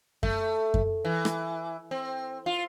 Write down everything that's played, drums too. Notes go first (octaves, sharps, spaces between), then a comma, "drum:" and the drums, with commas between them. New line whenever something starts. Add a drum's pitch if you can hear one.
A3, drum: kick F#2
drum: kick F#2
E3
drum: rim click
C4
F4